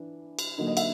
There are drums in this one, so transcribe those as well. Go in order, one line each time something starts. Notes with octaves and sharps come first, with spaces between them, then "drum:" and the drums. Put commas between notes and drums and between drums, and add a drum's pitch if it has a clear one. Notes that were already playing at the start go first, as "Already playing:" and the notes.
Already playing: E3 D4
drum: cymbal
D3 F#3 A#3 D#4
D#5
E5, drum: cymbal